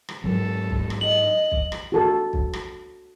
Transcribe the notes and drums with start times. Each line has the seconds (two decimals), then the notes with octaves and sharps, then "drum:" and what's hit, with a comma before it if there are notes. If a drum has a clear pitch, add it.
0.09 drum: rim click
0.24 G#2 F#3 A4
0.70 drum: kick
0.90 drum: rim click
1.01 D#5 F#7
1.51 drum: kick
1.72 drum: rim click
1.92 F#4 A4 A5
2.33 drum: kick
2.53 drum: rim click